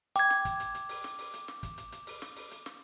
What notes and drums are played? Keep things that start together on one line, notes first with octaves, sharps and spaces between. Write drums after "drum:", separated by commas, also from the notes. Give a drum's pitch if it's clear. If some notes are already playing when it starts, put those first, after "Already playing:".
G5 D6 G#6, drum: hi-hat
drum: snare
drum: kick, hi-hat
drum: hi-hat
drum: hi-hat
drum: open hi-hat
drum: snare
drum: open hi-hat
drum: hi-hat
drum: snare
drum: kick, hi-hat
drum: hi-hat
drum: hi-hat
drum: open hi-hat
drum: snare
drum: open hi-hat
drum: hi-hat
drum: snare